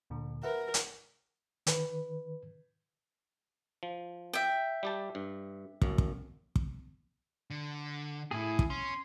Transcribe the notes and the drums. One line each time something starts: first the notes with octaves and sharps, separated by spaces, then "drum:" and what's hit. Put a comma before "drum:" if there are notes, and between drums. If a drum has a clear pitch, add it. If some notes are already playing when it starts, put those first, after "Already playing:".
D2 A#2 D3
A#4 B4 E5 F#5
drum: hi-hat
D#3 B4, drum: hi-hat
F3
E5 G5
G3 G4 A5
G2
A1 F#2, drum: kick
drum: kick
drum: kick
D3
A2 E4 G#4
drum: kick
C#4 C6